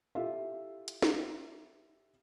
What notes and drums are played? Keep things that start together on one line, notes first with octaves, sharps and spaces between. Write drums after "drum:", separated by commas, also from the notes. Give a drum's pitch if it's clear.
E4 F4 G4 A4 E5 F5
drum: hi-hat
drum: snare